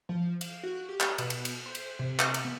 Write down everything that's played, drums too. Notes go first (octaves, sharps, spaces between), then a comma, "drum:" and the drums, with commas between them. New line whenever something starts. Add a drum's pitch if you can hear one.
F3
F5, drum: cymbal
F#4
G4
drum: clap
B2, drum: cymbal
drum: cymbal
drum: cymbal
C5
drum: cymbal
C3
drum: clap
drum: cymbal
B3